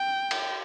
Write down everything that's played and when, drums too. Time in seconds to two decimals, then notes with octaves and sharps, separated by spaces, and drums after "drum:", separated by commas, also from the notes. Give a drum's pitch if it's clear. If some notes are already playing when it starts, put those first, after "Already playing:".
Already playing: G5
0.31 drum: cymbal